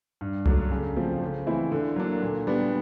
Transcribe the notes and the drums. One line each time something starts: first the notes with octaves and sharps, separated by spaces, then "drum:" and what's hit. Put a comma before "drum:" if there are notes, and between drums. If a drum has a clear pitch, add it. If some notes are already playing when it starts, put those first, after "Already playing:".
G2
D3 F#3 A3 D4, drum: tom C2
C#3
F3 A3 C4
C#3
E3 A3 C4 E4
D3
F#3 A#3 D4
A#2
G3 B3 D4